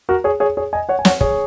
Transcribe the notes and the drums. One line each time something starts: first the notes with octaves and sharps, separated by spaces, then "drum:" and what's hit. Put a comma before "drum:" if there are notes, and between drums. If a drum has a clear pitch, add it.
F#4 A#4
G#4 C#5
G#4 C#5
G#4 C#5
D#5 G#5
C#5 F#5
G#5
C#5 F#5, drum: snare
G#4 C#5, drum: kick